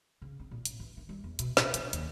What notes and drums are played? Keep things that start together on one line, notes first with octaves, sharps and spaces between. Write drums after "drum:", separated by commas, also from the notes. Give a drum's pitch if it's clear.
C#3
C4
A#2
A1, drum: hi-hat
E3
D#3
G3
E2
B2, drum: hi-hat
A#2, drum: snare
E3, drum: hi-hat
D#2, drum: hi-hat